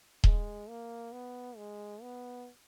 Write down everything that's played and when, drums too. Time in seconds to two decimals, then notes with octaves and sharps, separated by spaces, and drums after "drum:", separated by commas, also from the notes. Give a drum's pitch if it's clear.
0.24 G#3, drum: kick D#1
0.69 A#3
1.12 B3
1.57 G#3
2.02 B3